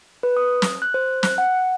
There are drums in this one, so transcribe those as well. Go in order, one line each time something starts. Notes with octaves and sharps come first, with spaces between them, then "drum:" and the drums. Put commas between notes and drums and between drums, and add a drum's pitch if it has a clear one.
B4
D#6
drum: snare
F#6
C5
F#6, drum: snare
F#5